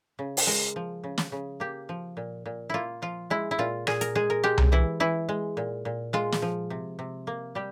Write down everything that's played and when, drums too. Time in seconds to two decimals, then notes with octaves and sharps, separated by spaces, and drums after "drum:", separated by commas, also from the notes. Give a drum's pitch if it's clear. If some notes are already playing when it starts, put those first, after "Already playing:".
0.19 C#3
0.37 drum: open hi-hat
0.47 G#3 A#4
0.76 F3
1.04 C#3
1.18 drum: snare
1.32 C#3
1.60 A#3 G4
1.89 F3
2.17 A#2
2.46 A#2
2.70 A#3 E4 F4
3.02 F3 F4
3.30 G#3 E4
3.51 E4
3.59 A#2 F4
3.87 A#2 G#4, drum: rim click
4.01 A#4, drum: hi-hat
4.15 G#3 G#4
4.30 A#4
4.44 G#3 G4
4.58 drum: tom C2
4.72 E3 E4
5.00 E3 E4
5.29 G#3
5.57 A#2
5.85 A#2
6.13 G#3 F4
6.32 drum: snare
6.42 F3
6.70 C3
6.99 C3
7.27 A#3
7.55 G3 G4